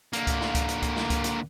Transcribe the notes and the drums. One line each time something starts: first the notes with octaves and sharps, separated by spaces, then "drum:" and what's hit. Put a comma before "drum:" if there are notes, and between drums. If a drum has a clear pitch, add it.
D3 A#3, drum: hi-hat
drum: kick C#2, hi-hat
drum: snare
drum: kick C#2, hi-hat
drum: hi-hat
drum: kick C#2, hi-hat
drum: snare
drum: kick C#2, hi-hat
drum: hi-hat